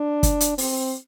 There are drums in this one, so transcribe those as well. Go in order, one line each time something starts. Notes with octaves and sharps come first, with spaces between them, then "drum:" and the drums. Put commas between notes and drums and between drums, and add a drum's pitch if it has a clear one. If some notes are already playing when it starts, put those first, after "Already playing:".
Already playing: D4
drum: kick, hi-hat
drum: hi-hat
C4, drum: open hi-hat